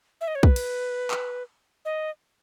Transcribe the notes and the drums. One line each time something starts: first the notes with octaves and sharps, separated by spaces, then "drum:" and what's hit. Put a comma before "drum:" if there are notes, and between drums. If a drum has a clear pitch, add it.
E5
D#5
C#5
B4, drum: kick
drum: cymbal
drum: clap
D#5